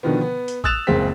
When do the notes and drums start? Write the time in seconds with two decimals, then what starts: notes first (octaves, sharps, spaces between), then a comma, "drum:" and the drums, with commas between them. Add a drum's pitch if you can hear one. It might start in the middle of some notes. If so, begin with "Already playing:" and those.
0.03 B2 D3 D#3 F3 B3
0.21 B3
0.48 drum: hi-hat
0.64 D#6 E6 F#6 A6 E7 F7, drum: kick
0.87 F#1 C#2 G#3 A#3 C4 B6